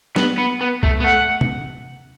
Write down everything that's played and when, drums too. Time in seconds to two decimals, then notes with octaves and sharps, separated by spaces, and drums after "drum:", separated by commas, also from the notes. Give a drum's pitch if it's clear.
0.16 B3, drum: snare
0.38 B3
0.61 B3
0.83 A3, drum: kick C2
1.00 B3
1.04 A3 F#5
1.41 drum: tom